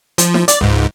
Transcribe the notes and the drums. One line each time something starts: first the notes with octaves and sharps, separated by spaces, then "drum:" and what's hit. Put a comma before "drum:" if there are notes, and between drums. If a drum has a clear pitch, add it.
F3, drum: hi-hat
drum: snare
D5, drum: hi-hat
C#2 G#2